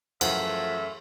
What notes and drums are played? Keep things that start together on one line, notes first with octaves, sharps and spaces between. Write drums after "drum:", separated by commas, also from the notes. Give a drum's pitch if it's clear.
F#2 E3 F3 A3 C5 E5 F#5, drum: cymbal